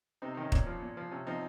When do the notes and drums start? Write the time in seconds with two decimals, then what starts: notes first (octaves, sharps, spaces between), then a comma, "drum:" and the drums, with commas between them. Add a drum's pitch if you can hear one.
0.22 C3 C4 D#4
0.34 D#4
0.37 D#3 C#4
0.52 A#2 C#4, drum: kick
0.66 F3
0.82 A#2
0.97 F3
1.11 C3 C#4
1.27 F3 C4 D#4